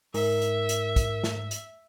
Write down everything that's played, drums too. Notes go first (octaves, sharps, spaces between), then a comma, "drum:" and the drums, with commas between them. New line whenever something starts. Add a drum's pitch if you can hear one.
G#2 A#4 E5, drum: open hi-hat
drum: hi-hat
drum: hi-hat
drum: kick, hi-hat
drum: snare
drum: hi-hat